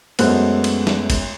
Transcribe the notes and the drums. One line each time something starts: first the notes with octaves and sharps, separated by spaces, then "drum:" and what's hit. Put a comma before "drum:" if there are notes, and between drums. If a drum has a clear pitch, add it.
F#2 G#3 A3 B3 C5 F#6, drum: cymbal
drum: cymbal
drum: snare
drum: kick, cymbal